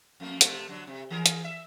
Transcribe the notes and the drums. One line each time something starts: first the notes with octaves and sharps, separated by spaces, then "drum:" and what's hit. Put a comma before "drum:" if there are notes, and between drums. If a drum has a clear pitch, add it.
F2 A3 A#3
C3 A3, drum: hi-hat
D3 F#3
C3
E3 G#4 A#4
drum: hi-hat
E5